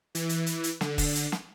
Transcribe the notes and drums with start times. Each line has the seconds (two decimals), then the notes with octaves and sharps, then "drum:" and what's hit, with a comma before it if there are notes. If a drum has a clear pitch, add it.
0.15 E3, drum: hi-hat
0.29 drum: hi-hat
0.46 drum: hi-hat
0.64 drum: hi-hat
0.81 D3, drum: snare
0.98 drum: kick, open hi-hat
1.15 drum: hi-hat
1.32 drum: snare